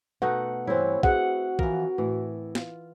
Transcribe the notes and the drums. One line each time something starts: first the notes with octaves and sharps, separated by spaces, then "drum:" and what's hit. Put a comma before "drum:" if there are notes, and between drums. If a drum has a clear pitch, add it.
B2 A3 D#4 F#5
G2 E3 G3 C4 E4 C#5
F#4 G#4 B4 E5 F#5, drum: kick
E3 F3 A#4, drum: kick
A2 E3
F4, drum: snare